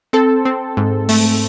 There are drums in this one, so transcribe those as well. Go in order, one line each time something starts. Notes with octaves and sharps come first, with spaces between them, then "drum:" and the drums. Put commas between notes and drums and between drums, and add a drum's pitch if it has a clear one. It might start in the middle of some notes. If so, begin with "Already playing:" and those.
C4 A4
C4
G#2
A3, drum: open hi-hat